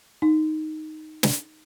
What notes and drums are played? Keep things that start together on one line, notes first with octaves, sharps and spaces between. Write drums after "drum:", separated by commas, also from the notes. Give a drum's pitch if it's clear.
D#4
drum: snare